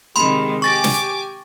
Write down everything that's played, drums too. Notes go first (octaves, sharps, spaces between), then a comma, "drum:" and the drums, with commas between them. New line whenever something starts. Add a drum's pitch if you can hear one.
C3 D#3 G#3 B5 C6
G4 G#5 C#6 D6 A6 A#6
drum: snare